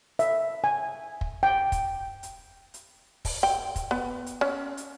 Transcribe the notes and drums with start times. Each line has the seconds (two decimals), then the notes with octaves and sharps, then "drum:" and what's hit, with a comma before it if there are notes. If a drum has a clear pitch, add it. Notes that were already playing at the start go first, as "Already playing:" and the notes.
0.19 E5, drum: hi-hat
0.64 G#5
1.21 drum: kick
1.43 G5
1.72 drum: kick, hi-hat
2.23 drum: hi-hat
2.74 drum: hi-hat
3.25 drum: kick, open hi-hat
3.43 G5
3.76 drum: kick, hi-hat
3.91 B3
4.27 drum: hi-hat
4.41 C#4
4.77 drum: hi-hat